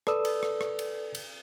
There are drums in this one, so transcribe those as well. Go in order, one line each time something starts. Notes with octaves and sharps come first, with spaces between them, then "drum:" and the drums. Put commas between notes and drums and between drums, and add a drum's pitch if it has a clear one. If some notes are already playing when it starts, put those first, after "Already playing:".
A4 B4 D5 D#6 E6, drum: rim click
drum: cymbal
drum: rim click
drum: rim click
drum: cymbal
drum: cymbal